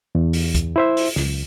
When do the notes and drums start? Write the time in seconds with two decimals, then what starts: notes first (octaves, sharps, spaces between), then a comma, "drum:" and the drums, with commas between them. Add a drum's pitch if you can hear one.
0.15 E2
0.33 drum: open hi-hat
0.55 drum: kick, hi-hat
0.76 E4 C5 E5
0.97 drum: open hi-hat
1.16 C#2, drum: snare